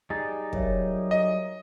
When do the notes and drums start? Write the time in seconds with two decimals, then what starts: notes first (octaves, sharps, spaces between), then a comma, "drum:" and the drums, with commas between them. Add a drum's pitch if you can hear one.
0.10 G3 D#4 G#4 A6
0.53 F#3 A#4 C#5 E5, drum: kick
1.11 D#5